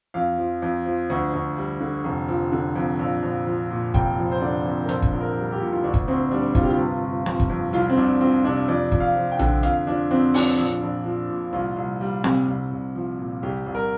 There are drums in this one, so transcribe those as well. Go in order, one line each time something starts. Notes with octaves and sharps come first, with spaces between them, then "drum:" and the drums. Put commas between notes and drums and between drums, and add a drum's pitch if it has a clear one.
F2 F5
F3
F2
F3
D2
D2
G3
D3
F1
F3
D3
F2
A#1
A#1
F3
A#2
F1 G5, drum: kick
F3
C5
D3 D5
F2
A#4
A#1 C5, drum: hi-hat
drum: kick
A#1
A#4
G3
G4
A#2
F4
D2 D4
drum: kick
D2 C4
G3 D4
C3 F4, drum: kick
G4
F4
G1
G1
F3, drum: snare C4
drum: kick
F2
C2 F4
C4
C2 D4
F3 C4
C3 D4
F2 D5
F2, drum: kick
F5
F3
G5
D3, drum: tom A#1
F2 F5, drum: hi-hat
F3 D4
F2 C4
F3 D4, drum: open hi-hat
A#1
A#1
F3
A#2
C2 F4
C2
G3
C3, drum: snare C4
C2
C2
F3
A#2
C2 G4
C2
A#4